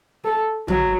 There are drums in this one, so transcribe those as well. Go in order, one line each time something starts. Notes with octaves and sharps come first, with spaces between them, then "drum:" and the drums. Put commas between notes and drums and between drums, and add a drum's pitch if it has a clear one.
A4
F#3, drum: tom